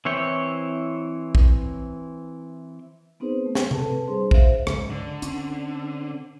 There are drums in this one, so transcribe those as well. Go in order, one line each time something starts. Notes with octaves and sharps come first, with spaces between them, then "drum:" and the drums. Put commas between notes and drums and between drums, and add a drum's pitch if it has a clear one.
E3 C4 E4 C#5 G5
drum: kick A#1
B3 C4 D#4 G#4 B4 C5
A3
drum: snare
C4 A4 B4 A5, drum: tom C3
G3 D4 G#4 C5 C6
C5 E5 F5, drum: kick A#1
C#2 G#2, drum: rim click
D3
C4 C#4, drum: hi-hat